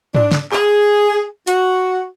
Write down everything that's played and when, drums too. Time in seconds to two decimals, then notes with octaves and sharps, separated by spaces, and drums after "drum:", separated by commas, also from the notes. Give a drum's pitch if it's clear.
0.15 D4, drum: tom G#2
0.31 drum: snare
0.52 G#4, drum: clap
1.47 F#4, drum: hi-hat